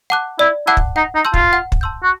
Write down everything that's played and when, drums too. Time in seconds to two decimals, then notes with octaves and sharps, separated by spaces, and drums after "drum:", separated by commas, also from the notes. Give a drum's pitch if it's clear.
0.10 F#5 A5 D6 F#6
0.39 E4 D5
0.67 E4 F#5 A5 D6 F#6
0.77 drum: kick
0.96 D#4 F#5
1.15 D#4
1.25 A5 C6 E6 G6
1.34 F4, drum: kick
1.53 F#5
1.72 drum: kick
1.81 A5 C6 E6 G6
2.03 F#4